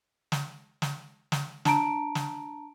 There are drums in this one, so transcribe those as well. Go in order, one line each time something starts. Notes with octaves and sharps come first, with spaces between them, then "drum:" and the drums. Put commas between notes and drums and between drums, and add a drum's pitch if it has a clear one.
drum: snare
drum: snare
drum: snare
D4 A5 A#5 D7, drum: snare
drum: snare